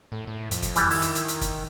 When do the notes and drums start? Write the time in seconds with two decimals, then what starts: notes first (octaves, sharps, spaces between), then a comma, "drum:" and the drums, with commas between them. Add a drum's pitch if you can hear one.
0.12 A2
0.27 A2
0.51 F2, drum: hi-hat
0.62 drum: kick, hi-hat
0.75 E3 G3, drum: hi-hat
0.91 D#3 E4, drum: open hi-hat
1.02 drum: hi-hat
1.15 drum: hi-hat
1.28 drum: hi-hat
1.41 drum: kick, hi-hat